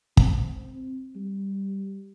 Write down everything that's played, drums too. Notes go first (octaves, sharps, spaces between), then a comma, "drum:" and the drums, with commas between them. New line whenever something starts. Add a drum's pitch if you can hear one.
C4, drum: kick
G3